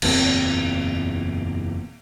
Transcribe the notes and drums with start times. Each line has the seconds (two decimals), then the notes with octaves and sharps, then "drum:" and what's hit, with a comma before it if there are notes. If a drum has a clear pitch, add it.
0.02 F#1 E2 A#2 C4, drum: cymbal